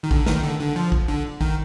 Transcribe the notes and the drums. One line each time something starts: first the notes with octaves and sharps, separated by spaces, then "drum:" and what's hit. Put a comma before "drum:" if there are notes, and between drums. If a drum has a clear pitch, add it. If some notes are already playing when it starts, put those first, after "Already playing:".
D#3
D3, drum: kick
D#3, drum: snare
D3
D3
F3
drum: kick
D3
D#3, drum: kick